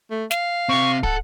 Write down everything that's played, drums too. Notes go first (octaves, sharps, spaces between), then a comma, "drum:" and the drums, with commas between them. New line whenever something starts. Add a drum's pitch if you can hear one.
A3
F5, drum: snare
C3 C4 C#6
A4 F#5, drum: kick